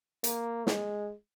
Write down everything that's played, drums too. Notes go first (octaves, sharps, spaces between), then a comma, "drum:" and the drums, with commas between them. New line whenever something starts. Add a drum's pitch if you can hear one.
A#3, drum: hi-hat
G#3, drum: snare